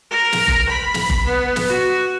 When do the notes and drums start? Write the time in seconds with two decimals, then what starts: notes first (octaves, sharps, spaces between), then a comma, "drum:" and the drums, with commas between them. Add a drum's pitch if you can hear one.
0.11 A#4
0.32 drum: snare
0.48 drum: kick F#1
0.69 B5
0.94 drum: snare
1.10 drum: kick F#1
1.25 B3
1.56 drum: snare
1.68 F#4